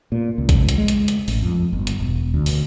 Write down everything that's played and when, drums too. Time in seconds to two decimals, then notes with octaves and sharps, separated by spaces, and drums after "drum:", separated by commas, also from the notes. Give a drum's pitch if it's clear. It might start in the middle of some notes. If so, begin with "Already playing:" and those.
0.12 A#2
0.38 C#2
0.49 drum: kick, hi-hat
0.69 drum: hi-hat
0.78 G#3
0.88 drum: hi-hat
1.08 drum: hi-hat
1.28 A1, drum: open hi-hat
1.42 F2
1.73 G1
1.87 drum: hi-hat
2.00 E1
2.34 D2
2.46 drum: open hi-hat